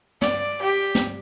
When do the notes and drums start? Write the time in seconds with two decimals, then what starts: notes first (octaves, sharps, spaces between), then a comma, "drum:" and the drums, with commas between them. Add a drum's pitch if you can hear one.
0.22 D5, drum: snare
0.62 G4
0.95 drum: snare